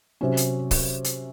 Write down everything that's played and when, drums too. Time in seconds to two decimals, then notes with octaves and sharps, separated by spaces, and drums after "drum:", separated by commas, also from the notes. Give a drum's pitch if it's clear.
0.21 C3 F#3 C#4
0.37 drum: hi-hat
0.71 drum: kick, open hi-hat
1.04 drum: hi-hat